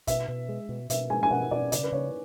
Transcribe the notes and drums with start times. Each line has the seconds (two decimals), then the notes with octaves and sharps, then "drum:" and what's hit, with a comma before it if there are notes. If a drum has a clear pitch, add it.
0.07 B2 E5, drum: kick, hi-hat
0.28 B2
0.49 G#3
0.69 B2
0.90 B2 E5, drum: hi-hat
1.10 G#3 G#5
1.23 G#5
1.31 B2 F#5
1.51 B2 D5
1.72 C#3 D5, drum: hi-hat
1.83 B4
1.92 C#3 C#5